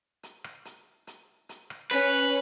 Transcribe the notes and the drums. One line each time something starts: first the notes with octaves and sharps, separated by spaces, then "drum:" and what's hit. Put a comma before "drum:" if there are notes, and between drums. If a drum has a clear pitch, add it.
drum: hi-hat
drum: rim click
drum: hi-hat
drum: hi-hat
drum: hi-hat
drum: rim click
C#4 B4, drum: hi-hat